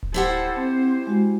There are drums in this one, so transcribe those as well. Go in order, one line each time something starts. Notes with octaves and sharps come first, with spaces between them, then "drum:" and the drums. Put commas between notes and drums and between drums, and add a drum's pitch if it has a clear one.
drum: kick D1
E4 G4 A4 C5 F#5
C4 C5
G#3 F#4